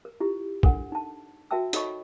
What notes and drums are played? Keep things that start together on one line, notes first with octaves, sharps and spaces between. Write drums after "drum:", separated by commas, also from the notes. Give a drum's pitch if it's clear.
A#4
E4 F4 G4
D4 A4 A#4 F#5, drum: kick
D#4 A5
F#4 A#4 E5 G5 A5 E6
D#4 A4 C#5 D#5 B5 C#6, drum: hi-hat